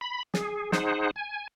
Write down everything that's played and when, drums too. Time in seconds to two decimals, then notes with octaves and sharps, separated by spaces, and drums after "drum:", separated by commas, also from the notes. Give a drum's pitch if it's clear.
0.01 B5
0.34 G#4, drum: snare
0.72 D#4 G#4 C5 F#5, drum: snare
1.16 G#5